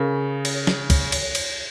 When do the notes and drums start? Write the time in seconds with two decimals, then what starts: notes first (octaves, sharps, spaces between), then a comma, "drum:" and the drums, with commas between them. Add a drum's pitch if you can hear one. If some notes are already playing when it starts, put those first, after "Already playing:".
Already playing: C#3 A#4
0.45 drum: cymbal
0.67 drum: snare
0.90 drum: kick, cymbal
1.12 drum: cymbal
1.35 drum: cymbal